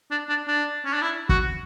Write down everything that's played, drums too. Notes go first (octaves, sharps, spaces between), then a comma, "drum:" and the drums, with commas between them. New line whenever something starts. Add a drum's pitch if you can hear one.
D4
D4
D4
C#4
D4
E4
F#4, drum: kick